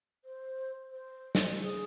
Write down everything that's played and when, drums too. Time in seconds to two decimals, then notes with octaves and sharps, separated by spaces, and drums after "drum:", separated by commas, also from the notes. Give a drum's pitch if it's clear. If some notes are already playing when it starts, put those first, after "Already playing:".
0.25 C5
0.92 C5
1.35 drum: snare
1.61 G#4